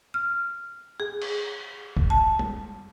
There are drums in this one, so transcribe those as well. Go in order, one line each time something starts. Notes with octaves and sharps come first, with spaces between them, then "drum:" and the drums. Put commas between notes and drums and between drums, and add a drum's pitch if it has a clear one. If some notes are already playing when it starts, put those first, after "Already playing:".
F6
G#4
drum: cymbal
drum: kick
A5
drum: tom